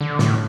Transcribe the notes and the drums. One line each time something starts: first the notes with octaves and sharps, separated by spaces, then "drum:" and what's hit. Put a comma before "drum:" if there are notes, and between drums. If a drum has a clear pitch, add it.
D3
A2, drum: snare